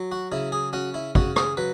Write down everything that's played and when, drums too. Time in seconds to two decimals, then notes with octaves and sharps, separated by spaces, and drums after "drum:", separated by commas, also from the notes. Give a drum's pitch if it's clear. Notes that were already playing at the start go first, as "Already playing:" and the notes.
Already playing: F#3
0.12 F#4
0.32 C#3 E4
0.52 G#4
0.73 C#4 F#4
0.94 E4
1.15 C#3 F#4, drum: kick
1.36 G#4, drum: rim click
1.57 F#3 B4